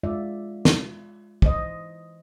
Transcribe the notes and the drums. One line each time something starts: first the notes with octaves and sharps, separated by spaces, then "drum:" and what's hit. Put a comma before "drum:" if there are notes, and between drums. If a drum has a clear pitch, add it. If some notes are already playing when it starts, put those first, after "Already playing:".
G#3 F4 D5 E5
drum: snare
E3 C5 D#5, drum: kick